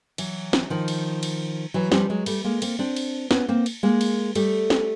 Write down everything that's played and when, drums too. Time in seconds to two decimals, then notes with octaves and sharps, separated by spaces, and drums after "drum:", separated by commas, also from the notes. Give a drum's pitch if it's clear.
0.18 E3 F#3, drum: cymbal
0.53 drum: snare
0.70 D#3 F3
0.88 drum: cymbal
1.23 drum: cymbal
1.74 E3 F#3
1.92 F3 G3, drum: snare
2.10 F#3 G#3
2.26 G3 A3, drum: cymbal
2.44 G#3 A#3
2.62 A#3 C4, drum: cymbal
2.79 C4 D4
2.96 drum: cymbal
3.31 B3 C#4, drum: snare
3.49 A#3 C4
3.66 drum: cymbal
3.83 G#3 A#3
4.01 drum: cymbal
4.35 G3 A3, drum: cymbal
4.70 drum: snare